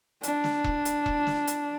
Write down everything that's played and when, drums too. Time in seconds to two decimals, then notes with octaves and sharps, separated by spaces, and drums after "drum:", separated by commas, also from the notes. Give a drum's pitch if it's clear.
0.23 D4, drum: hi-hat
0.44 drum: snare
0.65 drum: kick E1
0.85 drum: hi-hat
1.06 drum: kick E1
1.27 drum: snare
1.47 drum: hi-hat